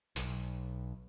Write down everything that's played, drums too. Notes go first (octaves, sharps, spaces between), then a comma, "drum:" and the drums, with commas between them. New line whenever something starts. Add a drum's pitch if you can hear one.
B1, drum: tambourine